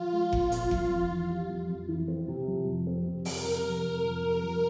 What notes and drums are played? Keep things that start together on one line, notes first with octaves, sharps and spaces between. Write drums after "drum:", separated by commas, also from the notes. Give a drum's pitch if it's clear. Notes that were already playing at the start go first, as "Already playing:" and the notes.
Already playing: F3 F4
G#3
A#2, drum: kick F#1
C4, drum: hi-hat
F3, drum: kick F#1
F2
E3
G3
F2
F2
E3
C4
C3
F3
F2
C4
C3
F2 A#4, drum: open hi-hat
C3
F3
F2
F2
C3
F3